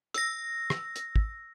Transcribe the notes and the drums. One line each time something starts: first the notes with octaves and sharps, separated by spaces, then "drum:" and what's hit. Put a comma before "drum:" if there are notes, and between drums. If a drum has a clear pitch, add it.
E6 A#6, drum: hi-hat
drum: rim click
drum: hi-hat
drum: kick